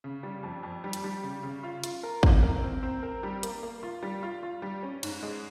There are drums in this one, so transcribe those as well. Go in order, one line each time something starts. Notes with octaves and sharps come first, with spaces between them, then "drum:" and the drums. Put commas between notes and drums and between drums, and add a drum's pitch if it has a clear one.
C#3
G3
F2
F2
G3
drum: hi-hat
G3
C#3
C#3
F4
F4, drum: hi-hat
A#4
C4, drum: kick
A#4
C4
C4
A#4
G3
A#3, drum: hi-hat
A#3
F4
G3
F4
F4
G3
C#4
G#2, drum: cymbal
G#3